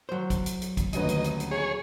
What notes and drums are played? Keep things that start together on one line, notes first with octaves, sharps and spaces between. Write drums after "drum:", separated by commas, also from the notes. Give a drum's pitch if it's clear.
F#3 C5
drum: kick, hi-hat
drum: hi-hat
drum: hi-hat
drum: kick, hi-hat
D#1 D2 B4 D#5, drum: hi-hat
drum: hi-hat
drum: hi-hat
drum: hi-hat
G#4 C#5